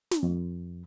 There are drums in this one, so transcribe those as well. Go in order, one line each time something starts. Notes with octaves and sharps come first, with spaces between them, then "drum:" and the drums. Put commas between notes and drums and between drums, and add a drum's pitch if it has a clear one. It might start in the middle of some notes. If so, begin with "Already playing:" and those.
drum: snare
F2